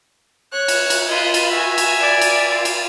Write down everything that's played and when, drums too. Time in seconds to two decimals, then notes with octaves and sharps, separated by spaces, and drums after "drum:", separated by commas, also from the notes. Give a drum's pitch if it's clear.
0.53 C#5 F#6
0.68 drum: cymbal
0.90 drum: cymbal
1.08 F4 D#5 B5
1.34 drum: cymbal
1.51 F#4 E5 G#5
1.78 drum: cymbal
2.00 D5
2.21 drum: cymbal
2.51 F4
2.65 drum: cymbal